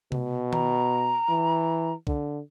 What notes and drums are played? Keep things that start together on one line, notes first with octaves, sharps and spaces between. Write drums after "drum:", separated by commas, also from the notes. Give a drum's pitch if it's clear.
B2, drum: tom C3
A#5, drum: tom D#3
E3
D3, drum: kick